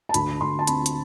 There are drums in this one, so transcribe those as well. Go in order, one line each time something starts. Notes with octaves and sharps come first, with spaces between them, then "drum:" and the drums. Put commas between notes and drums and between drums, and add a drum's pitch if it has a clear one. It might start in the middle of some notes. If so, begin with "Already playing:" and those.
A5
D2 B5, drum: hi-hat
D2 C6
A5
C4 B5, drum: hi-hat
drum: hi-hat